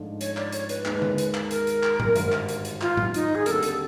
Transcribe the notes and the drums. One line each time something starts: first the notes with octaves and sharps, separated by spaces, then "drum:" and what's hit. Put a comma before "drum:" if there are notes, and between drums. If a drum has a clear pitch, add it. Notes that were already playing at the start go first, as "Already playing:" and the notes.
Already playing: G#2 F3 A3 D4 F4
C#5, drum: hi-hat
D5, drum: clap
C#5, drum: hi-hat
B4, drum: hi-hat
D#2 D#3 G#3 B4, drum: clap
drum: tom D3
drum: hi-hat
drum: clap
A#4, drum: hi-hat
drum: hi-hat
drum: clap
drum: tom A2
G#1 G2 D3, drum: hi-hat
drum: clap
drum: hi-hat
drum: hi-hat
F4, drum: clap
drum: tom A2
D#4, drum: hi-hat
G#4
D#2 D3 G3 C4 A4 A#4, drum: hi-hat
drum: hi-hat